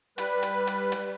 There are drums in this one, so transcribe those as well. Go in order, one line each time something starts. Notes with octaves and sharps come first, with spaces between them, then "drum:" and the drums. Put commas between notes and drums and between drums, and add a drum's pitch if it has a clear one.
G3 B4, drum: hi-hat
drum: hi-hat
drum: hi-hat
drum: hi-hat